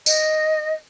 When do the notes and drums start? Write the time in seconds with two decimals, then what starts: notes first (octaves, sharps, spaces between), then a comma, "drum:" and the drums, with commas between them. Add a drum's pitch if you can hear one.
0.06 D#5, drum: tambourine